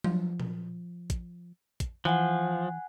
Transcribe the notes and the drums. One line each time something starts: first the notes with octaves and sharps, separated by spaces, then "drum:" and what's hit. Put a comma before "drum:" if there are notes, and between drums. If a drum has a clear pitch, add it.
F3, drum: tom F#3
drum: tom A#2
drum: kick, hi-hat
drum: kick, hi-hat
E3 F3 F#5 G#5 F#6